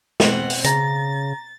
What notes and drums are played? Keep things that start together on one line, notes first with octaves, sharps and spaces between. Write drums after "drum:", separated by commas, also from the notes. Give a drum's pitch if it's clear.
B2 C4 F#5, drum: snare
drum: open hi-hat
C#3 A#5 A6 A#6, drum: hi-hat